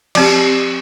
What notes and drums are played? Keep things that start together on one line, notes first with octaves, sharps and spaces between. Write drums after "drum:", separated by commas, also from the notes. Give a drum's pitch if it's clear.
F3 C4 G4, drum: cymbal